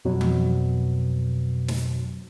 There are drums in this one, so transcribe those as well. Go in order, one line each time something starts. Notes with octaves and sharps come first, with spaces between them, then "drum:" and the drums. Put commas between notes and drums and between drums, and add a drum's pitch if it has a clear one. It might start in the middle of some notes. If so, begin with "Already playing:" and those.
F2 B2 F#3
drum: tom E3
drum: snare